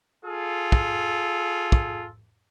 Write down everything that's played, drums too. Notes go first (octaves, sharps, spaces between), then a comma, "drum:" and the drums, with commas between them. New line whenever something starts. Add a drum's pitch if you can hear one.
F4 G#4 A4
drum: kick
drum: kick